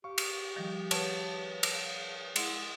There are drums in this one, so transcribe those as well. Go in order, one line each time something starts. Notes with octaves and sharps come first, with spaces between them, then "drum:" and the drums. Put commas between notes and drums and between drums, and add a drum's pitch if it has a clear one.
G4 F5 C#6
drum: cymbal
D#3 F3 G3
B4 C#5 F#5 A5, drum: cymbal
drum: cymbal
G#3 E4 F#5 C6, drum: cymbal